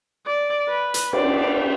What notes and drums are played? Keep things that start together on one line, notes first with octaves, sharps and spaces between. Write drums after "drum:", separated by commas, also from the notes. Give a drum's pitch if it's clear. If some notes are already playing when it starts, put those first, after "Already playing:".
D5
B4
drum: hi-hat
D5, drum: cymbal